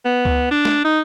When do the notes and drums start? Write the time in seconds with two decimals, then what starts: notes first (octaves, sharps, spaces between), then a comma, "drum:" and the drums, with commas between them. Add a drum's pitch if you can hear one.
0.05 B3
0.25 drum: kick C#2
0.51 D4
0.65 drum: snare A3
0.85 D#4